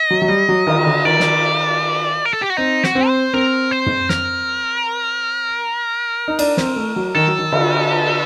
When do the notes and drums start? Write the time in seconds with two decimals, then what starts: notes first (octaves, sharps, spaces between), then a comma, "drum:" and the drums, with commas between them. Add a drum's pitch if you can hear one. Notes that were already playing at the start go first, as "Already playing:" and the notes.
Already playing: D#5
0.11 F#3
0.22 F#3
0.28 G3
0.49 F#3
0.67 D#3, drum: cymbal
0.78 D#3
0.86 D3
1.05 D#3 D5
1.20 drum: snare
2.25 A#4
2.33 A4
2.42 G4
2.50 F#4
2.57 C4 D#4
2.84 F#4, drum: snare
2.95 C4
3.08 C5
3.34 C4 A#4
3.71 C5
3.86 drum: tom
4.09 A#4, drum: snare
6.28 D#4
6.39 D4, drum: cymbal
6.57 C4, drum: snare
6.76 A3
6.96 F#3
7.15 D#3 A4
7.27 F#3
7.39 D#3
7.52 D3, drum: cymbal